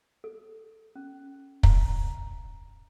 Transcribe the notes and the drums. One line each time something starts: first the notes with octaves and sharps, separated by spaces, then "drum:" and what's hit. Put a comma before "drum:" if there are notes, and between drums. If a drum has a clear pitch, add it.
A4
C#4
A#5, drum: kick